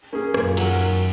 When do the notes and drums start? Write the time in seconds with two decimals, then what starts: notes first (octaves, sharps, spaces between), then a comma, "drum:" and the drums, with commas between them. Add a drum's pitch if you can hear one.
0.13 A#3 C#4 G#4
0.34 F#2 A#2, drum: rim click
0.57 F#3 C#4 F#4 A#4, drum: cymbal
0.80 D#3